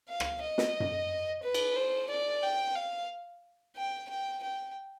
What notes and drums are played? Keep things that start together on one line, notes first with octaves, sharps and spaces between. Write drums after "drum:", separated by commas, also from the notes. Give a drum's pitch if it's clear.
F5
drum: rim click
D#5
drum: snare
drum: tom F#2
B4
drum: cymbal
C5
D5
G5
F5
G5
G5
G5